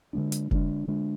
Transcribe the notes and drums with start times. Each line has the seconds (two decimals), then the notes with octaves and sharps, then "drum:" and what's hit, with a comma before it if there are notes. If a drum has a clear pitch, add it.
0.13 D3 G#3 B3 D4
0.32 drum: hi-hat
0.51 D3 G#3 B3 D4, drum: kick F1
0.87 D3 G#3 D4